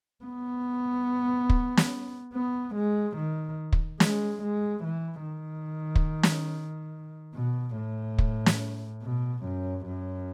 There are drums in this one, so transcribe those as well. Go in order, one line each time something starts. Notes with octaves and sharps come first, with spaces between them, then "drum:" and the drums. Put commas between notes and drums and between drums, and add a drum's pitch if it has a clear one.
B3
drum: kick
drum: snare
B3
G#3
D#3
drum: kick
G#3, drum: snare
G#3
E3
D#3
drum: kick
drum: snare
B2
A2
drum: kick
drum: snare
B2
F#2
F#2